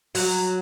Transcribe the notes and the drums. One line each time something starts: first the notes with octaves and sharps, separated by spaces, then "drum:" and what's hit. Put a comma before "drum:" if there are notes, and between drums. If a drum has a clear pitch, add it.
F#3, drum: open hi-hat